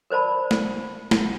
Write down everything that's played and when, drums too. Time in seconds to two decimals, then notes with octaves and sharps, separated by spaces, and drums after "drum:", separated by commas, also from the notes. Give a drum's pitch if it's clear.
0.10 A#4 C5 D5 A5 B5
0.51 drum: snare
1.11 drum: snare